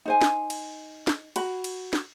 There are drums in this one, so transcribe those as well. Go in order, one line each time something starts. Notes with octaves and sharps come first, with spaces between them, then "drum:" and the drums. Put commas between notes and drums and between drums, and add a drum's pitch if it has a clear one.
D#4 C5 G#5
drum: snare
drum: cymbal
drum: snare
F#4 B5, drum: cymbal
drum: cymbal
drum: snare